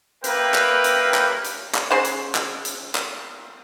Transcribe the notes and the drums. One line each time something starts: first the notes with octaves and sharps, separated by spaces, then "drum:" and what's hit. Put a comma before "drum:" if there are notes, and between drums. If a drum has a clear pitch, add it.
A#3 G4 A#4 B4 E5 G5, drum: hi-hat
drum: clap
drum: hi-hat
drum: clap
drum: hi-hat
drum: clap
C#3 C5 F#5
drum: hi-hat
drum: clap
drum: hi-hat
drum: clap